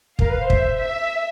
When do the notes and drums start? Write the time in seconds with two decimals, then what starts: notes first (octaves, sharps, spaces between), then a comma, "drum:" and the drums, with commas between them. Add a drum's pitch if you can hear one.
0.19 A#4 F5, drum: kick
0.29 B4
0.40 C5
0.50 E5, drum: kick
0.79 E5